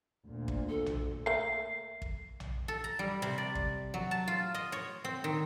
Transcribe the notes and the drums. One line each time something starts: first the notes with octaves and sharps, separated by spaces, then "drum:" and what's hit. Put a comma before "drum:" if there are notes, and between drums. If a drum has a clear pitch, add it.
D2 A#2
drum: kick
A4
drum: tom A#1
A3 A#3 C7
drum: kick
drum: tom A#1
A4
A#5
G3
C3
D5
drum: kick
F#3
A5
F4
D#5
C#5
C4
D#3